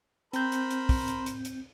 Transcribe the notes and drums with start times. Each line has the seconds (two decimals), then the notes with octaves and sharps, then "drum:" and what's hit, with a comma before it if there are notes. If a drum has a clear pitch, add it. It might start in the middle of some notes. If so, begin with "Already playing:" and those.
0.33 C4 A#4 C5 B5 G6, drum: hi-hat
0.52 drum: hi-hat
0.71 drum: hi-hat
0.89 drum: kick, open hi-hat
1.08 drum: hi-hat
1.26 drum: hi-hat
1.45 drum: hi-hat